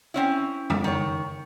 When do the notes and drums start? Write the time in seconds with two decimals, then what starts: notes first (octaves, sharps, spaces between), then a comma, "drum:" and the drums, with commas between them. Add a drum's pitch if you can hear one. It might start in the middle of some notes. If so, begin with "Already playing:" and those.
0.14 C4 C#4 E4
0.70 drum: tom
0.84 D#3 C#5